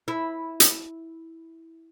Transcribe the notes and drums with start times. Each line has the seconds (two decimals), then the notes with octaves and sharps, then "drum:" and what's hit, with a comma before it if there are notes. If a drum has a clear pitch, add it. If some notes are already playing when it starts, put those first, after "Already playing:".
0.08 E4
0.60 drum: hi-hat